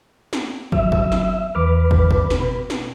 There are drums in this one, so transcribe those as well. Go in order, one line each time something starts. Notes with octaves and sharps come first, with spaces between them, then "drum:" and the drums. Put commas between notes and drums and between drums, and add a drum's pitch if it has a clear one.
drum: snare
F#3 E5, drum: kick
drum: kick
drum: snare
E2 B4 D6 F6
drum: kick
drum: kick
drum: snare
B2
drum: snare